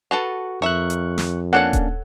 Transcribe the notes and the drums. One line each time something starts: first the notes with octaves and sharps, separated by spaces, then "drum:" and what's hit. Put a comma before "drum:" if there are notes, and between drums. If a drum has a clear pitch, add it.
F#4 A4 B4 A5
F2 A#4 E5 C#6 F#6
drum: hi-hat
drum: snare
A#3 C#4 D4 A4 C#5 F#5 A5
drum: kick D#1, hi-hat